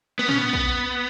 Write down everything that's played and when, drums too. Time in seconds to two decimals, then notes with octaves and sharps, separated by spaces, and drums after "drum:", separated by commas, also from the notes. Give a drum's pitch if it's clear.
0.19 B3
0.29 C#4, drum: tom
0.38 B3
0.53 drum: kick